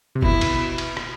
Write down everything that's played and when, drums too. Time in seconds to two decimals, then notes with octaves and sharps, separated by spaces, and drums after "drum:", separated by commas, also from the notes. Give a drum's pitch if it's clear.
0.15 C3
0.22 B2 E4, drum: kick F1
0.41 drum: cymbal
0.78 drum: cymbal
0.97 drum: rim click